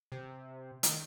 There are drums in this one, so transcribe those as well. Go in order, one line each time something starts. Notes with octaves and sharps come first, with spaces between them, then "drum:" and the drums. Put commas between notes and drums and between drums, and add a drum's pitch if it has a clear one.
C3
D#3, drum: hi-hat